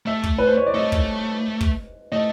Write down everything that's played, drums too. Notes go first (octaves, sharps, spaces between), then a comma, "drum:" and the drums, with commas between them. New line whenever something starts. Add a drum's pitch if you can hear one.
A3 E5
drum: kick
B4
C5
C#5
D5
A3 D#5
drum: kick
drum: kick
A3 D#5